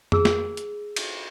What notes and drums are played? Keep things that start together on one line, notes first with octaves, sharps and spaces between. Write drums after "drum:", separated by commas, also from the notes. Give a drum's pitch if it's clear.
G#4 E6, drum: tom F2
drum: snare
drum: hi-hat
drum: cymbal